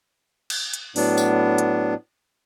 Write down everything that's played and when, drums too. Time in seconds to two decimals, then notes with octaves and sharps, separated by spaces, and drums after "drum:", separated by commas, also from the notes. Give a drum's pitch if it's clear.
0.50 drum: cymbal
0.74 drum: hi-hat
0.96 A2 F#3 B3 D4, drum: open hi-hat
1.18 drum: tambourine
1.58 drum: hi-hat